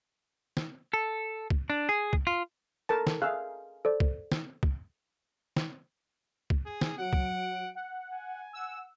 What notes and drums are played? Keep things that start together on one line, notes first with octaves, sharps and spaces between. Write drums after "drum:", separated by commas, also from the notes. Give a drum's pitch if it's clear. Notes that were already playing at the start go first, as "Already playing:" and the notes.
drum: snare
A4
drum: kick
D4
G#4
drum: kick
F4
A4 A#4 A5
drum: snare
G#4 E5 F5 E6 F#6
A4 C5 D5
drum: kick
drum: snare
drum: kick
drum: snare
drum: kick
G#4
drum: snare
F#3 F#5 D7
drum: kick
F#5
G#5
F#5 E6